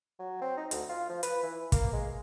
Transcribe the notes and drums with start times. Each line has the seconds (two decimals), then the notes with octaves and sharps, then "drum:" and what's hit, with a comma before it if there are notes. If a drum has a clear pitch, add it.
0.19 F#3
0.42 C4
0.57 D#4
0.71 D2, drum: hi-hat
0.89 F4
1.10 F3
1.23 B4, drum: hi-hat
1.43 E3
1.72 A#3, drum: kick, hi-hat
1.93 G#3